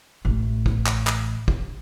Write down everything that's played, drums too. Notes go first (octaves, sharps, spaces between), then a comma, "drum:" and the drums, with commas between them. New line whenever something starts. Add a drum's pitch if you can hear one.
A1 A3
drum: kick
drum: clap
drum: clap
drum: kick